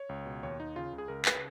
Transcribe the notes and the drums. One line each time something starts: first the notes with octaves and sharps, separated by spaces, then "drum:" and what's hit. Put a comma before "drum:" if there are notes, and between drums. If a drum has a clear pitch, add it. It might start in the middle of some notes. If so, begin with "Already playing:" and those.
Already playing: C#5
C#2
B2
D#2 C#5
D#2 D#4
C#3 F4
C#2
G#4
C#2 A#4
C#3 B4, drum: clap